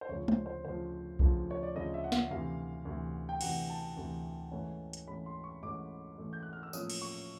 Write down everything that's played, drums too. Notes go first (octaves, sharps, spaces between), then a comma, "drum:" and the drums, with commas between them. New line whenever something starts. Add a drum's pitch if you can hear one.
C5
D2 C#3 F3 C#5
C5, drum: tom
C5
D2 C#3 F3 C5
D2 C#3 F3, drum: kick B1
C#5
D5
D2 C#3 F3 D#5
E5
F#5
F5, drum: snare
D2 C3 E3 F5
D2 C3 E3
G5
D2 C3 E3 F#5, drum: cymbal
A5
D2 C3 E3
G#2 E3 A3 C#4
drum: hi-hat
G#2 E3 A3 C#4 B5
C6
C#6
G#2 E3 A3 C#4 D6
G#2 E3 A3 C#4
G6
F#6
F6
E6
A2 F3 A#3 C#4 D#6, drum: tambourine
drum: cymbal
C#6